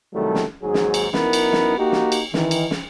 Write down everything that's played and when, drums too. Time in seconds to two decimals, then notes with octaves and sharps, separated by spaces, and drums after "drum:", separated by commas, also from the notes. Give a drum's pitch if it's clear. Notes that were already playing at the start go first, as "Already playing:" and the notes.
0.14 C2 D#3 F#3 G3 A3 A4
0.35 drum: snare
0.63 D#2 G#2 F#3 G#4
0.74 drum: snare
0.94 drum: cymbal
1.14 F#2 B3 D#4 E4 A#4, drum: snare
1.33 drum: cymbal
1.53 drum: snare
1.78 A#3 D#4 F#4 G4
1.92 drum: snare
2.12 drum: cymbal
2.34 D#3 E3, drum: snare
2.51 drum: cymbal
2.71 drum: snare